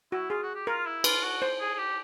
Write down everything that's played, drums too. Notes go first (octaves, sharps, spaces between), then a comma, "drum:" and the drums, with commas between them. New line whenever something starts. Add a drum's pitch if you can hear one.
E4 F#4
F4 G#4
F#4
G4
F4 A#4
E4
F4 B4, drum: cymbal
F#4
C5
G#4
G#4
G4